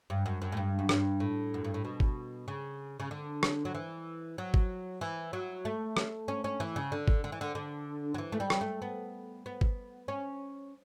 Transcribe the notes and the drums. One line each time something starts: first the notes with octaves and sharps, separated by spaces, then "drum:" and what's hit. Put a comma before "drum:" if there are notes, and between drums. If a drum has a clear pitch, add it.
G2
F#2
F#2
A2
G2
F#2
G2, drum: rim click
A2
F#2
G2
A2
B2
drum: kick G1
C#3
C#3
D3
drum: rim click
F#3
E3
F#3
drum: kick G1
E3
F#3
A3
drum: rim click
C#4
C#4
E3
C#3
D3
drum: kick G1
D3
E3
D3
D3
F#3
E3
A3
G3
drum: rim click
A3
B3
B3
drum: kick G1
C#4